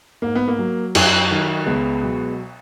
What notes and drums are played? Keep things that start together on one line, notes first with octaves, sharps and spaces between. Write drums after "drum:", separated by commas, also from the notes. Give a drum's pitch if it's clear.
G#2 A#3
B3
A#3
F#3
F#2, drum: cymbal
D#3 F#3
C#2 G#3 B3
B2 F#3